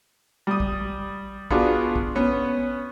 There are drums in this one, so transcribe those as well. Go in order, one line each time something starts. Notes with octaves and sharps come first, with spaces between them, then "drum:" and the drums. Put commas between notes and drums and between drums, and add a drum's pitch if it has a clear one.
G3 D#6
drum: kick A#1
B3 D4 F4 F#4 G#4 D5, drum: kick A#1
drum: kick A#1
B3 C#4